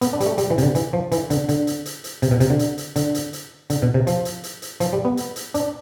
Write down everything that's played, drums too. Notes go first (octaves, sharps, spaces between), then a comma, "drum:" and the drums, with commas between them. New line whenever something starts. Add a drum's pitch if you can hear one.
B3, drum: hi-hat
D4
G3, drum: hi-hat
A3
G3, drum: hi-hat
E3
C3, drum: hi-hat
D3
E3, drum: hi-hat
F3
E3, drum: hi-hat
D3, drum: hi-hat
D3, drum: hi-hat
drum: hi-hat
drum: hi-hat
drum: hi-hat
C3, drum: hi-hat
B2
C3, drum: hi-hat
D3
drum: hi-hat
drum: hi-hat
D3, drum: hi-hat
drum: hi-hat
drum: hi-hat
D3, drum: hi-hat
B2
C3
F3, drum: hi-hat
drum: hi-hat
drum: hi-hat
drum: hi-hat
F3, drum: hi-hat
G3
B3
drum: hi-hat
drum: hi-hat
D4, drum: hi-hat